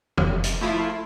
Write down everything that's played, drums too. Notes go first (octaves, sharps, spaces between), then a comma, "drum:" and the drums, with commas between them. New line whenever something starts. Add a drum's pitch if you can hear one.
F1, drum: tom
drum: hi-hat
F3 A3 E4 F4